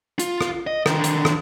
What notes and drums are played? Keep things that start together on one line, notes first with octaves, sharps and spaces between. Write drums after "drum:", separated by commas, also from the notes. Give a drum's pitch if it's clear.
F4, drum: hi-hat
drum: rim click
D#5
D3 D#3, drum: rim click
drum: hi-hat
drum: rim click